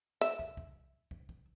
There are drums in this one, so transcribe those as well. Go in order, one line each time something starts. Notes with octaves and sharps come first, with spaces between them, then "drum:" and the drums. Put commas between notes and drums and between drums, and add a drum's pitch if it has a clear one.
E5
drum: kick
drum: kick
drum: kick
drum: kick